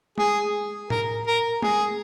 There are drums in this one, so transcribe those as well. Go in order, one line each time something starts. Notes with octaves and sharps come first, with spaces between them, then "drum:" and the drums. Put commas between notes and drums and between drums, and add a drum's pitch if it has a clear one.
G#4, drum: tom G#3
A#4, drum: tom A2
A#4
G#4, drum: tom G#3